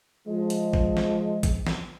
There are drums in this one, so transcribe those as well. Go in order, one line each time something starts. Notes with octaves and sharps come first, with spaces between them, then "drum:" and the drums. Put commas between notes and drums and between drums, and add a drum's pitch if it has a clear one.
F3 G#3
drum: hi-hat
drum: kick
drum: snare
drum: kick, hi-hat
drum: snare